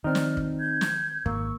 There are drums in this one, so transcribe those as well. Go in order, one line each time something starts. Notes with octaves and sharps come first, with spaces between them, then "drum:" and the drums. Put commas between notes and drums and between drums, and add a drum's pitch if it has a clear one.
D#3 C4 D#4 D5 F6
drum: snare
drum: kick
G6 G#6
drum: snare
G#1 A#3 C#6 E6, drum: kick